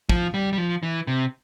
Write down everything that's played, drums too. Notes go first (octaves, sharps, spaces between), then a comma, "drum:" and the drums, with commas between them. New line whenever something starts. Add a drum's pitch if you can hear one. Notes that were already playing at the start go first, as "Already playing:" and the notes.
F3, drum: kick
G3
G3
F3
E3
C3